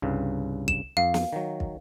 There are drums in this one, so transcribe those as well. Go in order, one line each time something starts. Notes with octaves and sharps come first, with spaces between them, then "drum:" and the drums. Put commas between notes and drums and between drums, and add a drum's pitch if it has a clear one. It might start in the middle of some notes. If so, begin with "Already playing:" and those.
C2 G2 C#3
E7, drum: kick
F2 F5
drum: snare
D#3 F#3
drum: kick